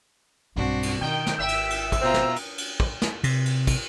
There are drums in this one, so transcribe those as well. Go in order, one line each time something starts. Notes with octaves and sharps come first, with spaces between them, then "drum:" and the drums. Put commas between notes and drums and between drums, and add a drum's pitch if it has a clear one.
B1 G2 C4 D4 F#4
drum: cymbal
B2 D#3 G5
drum: snare
G#1 E5 G5 E6
drum: cymbal
drum: cymbal
drum: kick, cymbal
B2 C4 F4 A#5
drum: snare
drum: cymbal
drum: cymbal
drum: kick
drum: snare
C3, drum: cymbal
drum: cymbal
drum: kick, cymbal